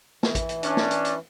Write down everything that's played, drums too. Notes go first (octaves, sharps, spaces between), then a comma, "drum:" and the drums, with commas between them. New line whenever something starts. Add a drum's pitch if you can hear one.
E3, drum: snare
drum: kick A1, hi-hat
drum: hi-hat
C#4 D4, drum: hi-hat
drum: snare
drum: hi-hat
drum: hi-hat